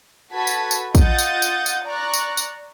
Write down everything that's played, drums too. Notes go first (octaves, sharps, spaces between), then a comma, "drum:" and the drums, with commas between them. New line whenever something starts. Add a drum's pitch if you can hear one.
F#4 A4 B4 A5 G#6 B6
drum: tambourine
drum: tambourine
F4 D#5 F#5 D#6 G6 A6, drum: kick, tambourine
drum: tambourine
drum: tambourine
drum: tambourine
D5 A#5 C#6 F#6
drum: tambourine
drum: tambourine